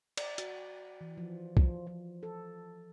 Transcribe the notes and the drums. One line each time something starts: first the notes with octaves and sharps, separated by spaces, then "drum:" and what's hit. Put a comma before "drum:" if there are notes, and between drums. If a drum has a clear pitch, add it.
D5, drum: cymbal
F#4, drum: hi-hat
E3
F3
F3, drum: kick B1
F3
A4